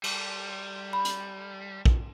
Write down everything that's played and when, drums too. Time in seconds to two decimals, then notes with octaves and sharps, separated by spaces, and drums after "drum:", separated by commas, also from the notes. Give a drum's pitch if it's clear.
0.04 G3, drum: cymbal
0.93 B5
1.05 drum: hi-hat
1.85 drum: kick